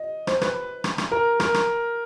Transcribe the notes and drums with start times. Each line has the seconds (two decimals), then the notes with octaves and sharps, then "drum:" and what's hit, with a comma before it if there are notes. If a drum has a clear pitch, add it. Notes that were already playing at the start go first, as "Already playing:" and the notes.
Already playing: D#5
0.27 C5, drum: rim click
0.41 B4, drum: rim click
0.84 drum: rim click
0.98 drum: rim click
1.12 A#4
1.40 A#4, drum: rim click
1.54 drum: rim click